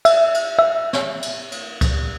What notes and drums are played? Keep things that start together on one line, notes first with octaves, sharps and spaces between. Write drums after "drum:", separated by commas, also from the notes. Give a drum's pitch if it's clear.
E5, drum: cymbal
drum: cymbal
E5
drum: snare
drum: cymbal
drum: cymbal
drum: kick C#2, cymbal